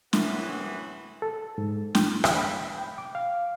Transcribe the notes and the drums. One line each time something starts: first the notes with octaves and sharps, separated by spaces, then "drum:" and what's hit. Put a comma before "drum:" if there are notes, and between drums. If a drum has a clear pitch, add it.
F#2 A2 C3 E3 B3 F#4, drum: snare
A4
G#2
G5, drum: snare
drum: rim click
B5
G5
D6
F5